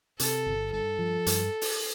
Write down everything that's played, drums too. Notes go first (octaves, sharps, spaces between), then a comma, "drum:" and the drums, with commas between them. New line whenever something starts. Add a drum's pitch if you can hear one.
C3 A4, drum: hi-hat
G1
G2 A4
F3
G2, drum: hi-hat
drum: open hi-hat